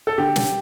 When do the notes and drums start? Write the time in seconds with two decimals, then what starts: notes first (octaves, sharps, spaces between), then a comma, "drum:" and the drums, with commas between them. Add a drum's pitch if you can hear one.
0.07 A4
0.18 D3 G4
0.36 drum: snare